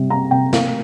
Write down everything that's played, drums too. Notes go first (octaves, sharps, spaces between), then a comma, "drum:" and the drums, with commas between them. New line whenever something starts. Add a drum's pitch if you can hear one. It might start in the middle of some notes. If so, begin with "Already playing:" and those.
Already playing: C3 G3
C4 A#5
C3 G5
A#3 F5, drum: snare